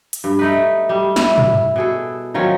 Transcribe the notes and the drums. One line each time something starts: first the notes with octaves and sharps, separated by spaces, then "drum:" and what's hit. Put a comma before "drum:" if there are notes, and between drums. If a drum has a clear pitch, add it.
drum: hi-hat
G2
A3 D#4 B4
G3
E4, drum: snare
drum: tom
B2 G#4 A4
D#3 F3 F#3 C#4